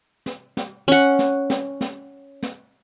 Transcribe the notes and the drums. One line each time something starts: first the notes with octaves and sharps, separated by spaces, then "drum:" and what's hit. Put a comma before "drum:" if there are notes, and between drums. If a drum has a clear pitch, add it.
drum: snare
drum: snare
C#4 F#5
drum: snare
drum: snare
drum: snare
drum: snare